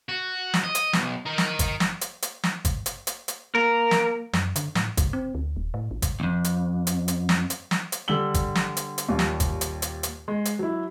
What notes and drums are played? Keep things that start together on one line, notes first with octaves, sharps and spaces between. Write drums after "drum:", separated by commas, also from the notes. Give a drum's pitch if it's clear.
F#4
drum: snare
D#5
drum: hi-hat
B1, drum: snare
D#4 A#4
drum: snare
drum: kick G1, hi-hat
drum: snare
drum: hi-hat
drum: hi-hat
drum: snare
drum: kick G1, hi-hat
drum: hi-hat
drum: hi-hat
drum: hi-hat
A#3 A#4
drum: snare
F#2, drum: snare
D3, drum: hi-hat
A2, drum: snare
C#2, drum: kick G1, hi-hat
C4
D2
D#1
A2
A1
drum: kick G1, hi-hat
B1 F2
drum: hi-hat
drum: hi-hat
drum: hi-hat
drum: snare
drum: hi-hat
drum: snare
drum: hi-hat
D3 G3 D4 E6 F#7 G7
drum: kick G1, hi-hat
drum: snare
drum: hi-hat
drum: hi-hat
D#2 A#2 G3 F5
drum: snare
drum: kick G1, hi-hat
drum: hi-hat
drum: hi-hat
drum: hi-hat
G#3
drum: hi-hat
F#3 E4